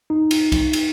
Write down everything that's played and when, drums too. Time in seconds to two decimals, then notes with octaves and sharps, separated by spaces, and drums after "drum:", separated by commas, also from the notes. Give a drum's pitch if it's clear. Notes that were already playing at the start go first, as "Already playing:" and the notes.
0.10 D#4
0.31 drum: cymbal
0.52 drum: kick, cymbal
0.73 drum: cymbal